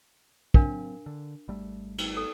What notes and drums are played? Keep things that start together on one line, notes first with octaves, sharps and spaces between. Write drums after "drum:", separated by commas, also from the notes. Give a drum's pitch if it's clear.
F#3 C4 D4 A#4 F5, drum: kick
D3
G#1 G3 A3
drum: cymbal
A4